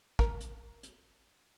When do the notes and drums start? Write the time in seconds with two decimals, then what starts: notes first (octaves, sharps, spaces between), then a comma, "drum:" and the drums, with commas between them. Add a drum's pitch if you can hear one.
0.19 A#4, drum: kick
0.40 drum: hi-hat
0.83 drum: hi-hat